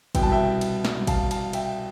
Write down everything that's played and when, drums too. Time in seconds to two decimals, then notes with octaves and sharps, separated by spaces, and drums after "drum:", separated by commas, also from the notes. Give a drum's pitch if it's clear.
0.15 C2 B2 B3 E4 G5, drum: kick, cymbal
0.23 A5
0.32 E5 G5
0.61 drum: cymbal
0.85 drum: snare
1.07 F5 A5, drum: kick, cymbal
1.31 F5 A5, drum: cymbal
1.53 E5 G5, drum: cymbal